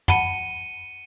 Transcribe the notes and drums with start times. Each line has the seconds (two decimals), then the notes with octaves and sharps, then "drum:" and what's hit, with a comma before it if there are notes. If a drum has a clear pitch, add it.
0.08 F#5 A5 B5 C#7 D#7 G7, drum: tom